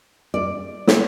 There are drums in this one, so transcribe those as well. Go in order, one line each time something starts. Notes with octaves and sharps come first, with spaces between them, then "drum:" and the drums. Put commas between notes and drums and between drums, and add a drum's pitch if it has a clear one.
D5
drum: snare